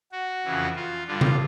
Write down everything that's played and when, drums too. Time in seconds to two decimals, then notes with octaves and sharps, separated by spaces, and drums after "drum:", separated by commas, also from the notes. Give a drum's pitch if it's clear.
0.12 F#4
0.45 F2 C#3 E3
0.76 F4
1.07 G2 D3 F4
1.21 drum: tom C#3